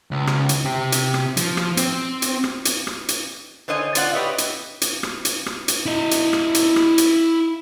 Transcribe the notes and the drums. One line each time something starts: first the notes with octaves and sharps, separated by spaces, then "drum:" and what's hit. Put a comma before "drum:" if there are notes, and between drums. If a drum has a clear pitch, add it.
C#2
drum: rim click
drum: hi-hat
C3 G4
drum: hi-hat
drum: rim click
F3, drum: hi-hat
drum: rim click
C4, drum: hi-hat
drum: hi-hat
drum: rim click
drum: hi-hat
drum: rim click
drum: hi-hat
D3 C5 C#5 D#5 E5 G#5
F4 D5 F5 F#5, drum: hi-hat
G4 B4 C#5 D#5 E5
drum: hi-hat
drum: hi-hat
drum: rim click
drum: hi-hat
drum: rim click
drum: hi-hat
E4 D#5
drum: hi-hat
drum: rim click
drum: hi-hat
drum: rim click
drum: hi-hat